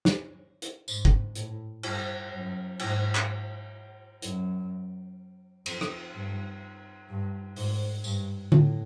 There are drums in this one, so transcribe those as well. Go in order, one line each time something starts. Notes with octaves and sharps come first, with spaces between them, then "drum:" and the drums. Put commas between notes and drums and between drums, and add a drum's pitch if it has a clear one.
drum: snare
drum: hi-hat
G#2, drum: tambourine
drum: kick
A2, drum: hi-hat
G2, drum: cymbal
F#2
G#2, drum: cymbal
drum: clap
F#2, drum: hi-hat
F2, drum: cymbal
drum: rim click
G2
G2
G#2, drum: open hi-hat
G2, drum: tambourine
A2, drum: tom D3